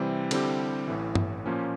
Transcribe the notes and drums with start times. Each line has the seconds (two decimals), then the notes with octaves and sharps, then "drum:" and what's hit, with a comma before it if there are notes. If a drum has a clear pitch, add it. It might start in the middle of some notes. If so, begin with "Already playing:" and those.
Already playing: C3 E3 G3 C4
0.31 D3 G3 C4 E4 G4, drum: cymbal
0.88 A1 A2 E3
1.15 drum: tom
1.46 A#2 F3 A#3 C#4